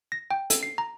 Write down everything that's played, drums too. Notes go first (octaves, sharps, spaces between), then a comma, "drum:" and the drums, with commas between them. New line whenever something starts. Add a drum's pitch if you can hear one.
A#6
G5
A4, drum: hi-hat
C7
A#5